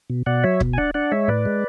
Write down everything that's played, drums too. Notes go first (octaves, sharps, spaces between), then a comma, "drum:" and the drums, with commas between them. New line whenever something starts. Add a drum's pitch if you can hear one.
B2
B2 D5 F#5
F#3 C#5 E5
B2, drum: kick
G#5
D4 D5 F#5
D4 D5 F#5
G#3 C#5 E5
A2 B4 D5
G#3